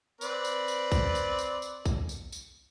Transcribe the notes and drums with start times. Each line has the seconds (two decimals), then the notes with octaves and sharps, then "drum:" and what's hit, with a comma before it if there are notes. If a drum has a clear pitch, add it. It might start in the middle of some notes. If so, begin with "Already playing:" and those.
0.21 C4 B4 D5, drum: tambourine
0.45 drum: tambourine
0.68 drum: tambourine
0.92 drum: kick B1, tambourine
1.15 drum: tambourine
1.39 drum: tambourine
1.62 drum: tambourine
1.86 drum: kick B1, tambourine
2.09 drum: tambourine
2.32 drum: tambourine